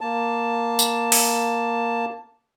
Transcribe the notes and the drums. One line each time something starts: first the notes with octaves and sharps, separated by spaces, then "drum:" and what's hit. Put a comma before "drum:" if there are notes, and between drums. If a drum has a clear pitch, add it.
A#3 A5
drum: tambourine
drum: open hi-hat